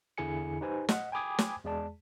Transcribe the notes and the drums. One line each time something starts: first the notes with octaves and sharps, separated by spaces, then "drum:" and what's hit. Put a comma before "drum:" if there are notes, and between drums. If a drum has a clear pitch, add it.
E2 D3 E4 G#4 G#5 C#7
D#4 G4 B4 C5 G#5
D#5 F#5, drum: snare
G5 G#5 B5 D6 D#6 G#6
drum: snare
E2 G#3 G#4 D5 A5